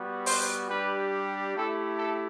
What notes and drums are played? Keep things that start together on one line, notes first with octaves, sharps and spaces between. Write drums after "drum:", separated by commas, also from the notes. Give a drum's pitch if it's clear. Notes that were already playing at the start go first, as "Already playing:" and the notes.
Already playing: G3 B3 F#4
C5, drum: open hi-hat
G3 D4 G4 B4
A3 E4 G4 A4
A4